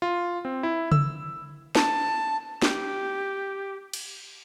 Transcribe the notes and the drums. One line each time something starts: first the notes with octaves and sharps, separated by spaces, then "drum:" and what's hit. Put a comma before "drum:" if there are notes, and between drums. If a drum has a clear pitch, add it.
F4
C4
E4
E6, drum: tom C#3
A5, drum: snare
G4, drum: snare
drum: cymbal